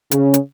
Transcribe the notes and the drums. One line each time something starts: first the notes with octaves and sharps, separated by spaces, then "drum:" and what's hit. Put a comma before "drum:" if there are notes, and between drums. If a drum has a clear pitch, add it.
C#3, drum: hi-hat
drum: hi-hat